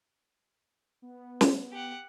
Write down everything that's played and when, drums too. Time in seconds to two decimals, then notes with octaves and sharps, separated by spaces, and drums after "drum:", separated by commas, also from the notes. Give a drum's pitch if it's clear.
1.02 B3
1.41 drum: snare
1.71 G4 F#5